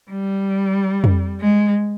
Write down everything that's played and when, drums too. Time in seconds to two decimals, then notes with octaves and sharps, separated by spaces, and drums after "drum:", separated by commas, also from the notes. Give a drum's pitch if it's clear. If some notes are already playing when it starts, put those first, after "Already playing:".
0.11 G3
1.04 drum: tom F2
1.41 G#3